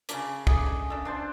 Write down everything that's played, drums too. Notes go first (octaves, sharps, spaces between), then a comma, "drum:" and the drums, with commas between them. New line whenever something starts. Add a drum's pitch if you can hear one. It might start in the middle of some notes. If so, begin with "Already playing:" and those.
C#3 D4 A#4 D5 D6, drum: hi-hat
A3 B3 G#4, drum: kick
D4 D#5
D#3 D4 A4 E5
E3 D4 C5 A5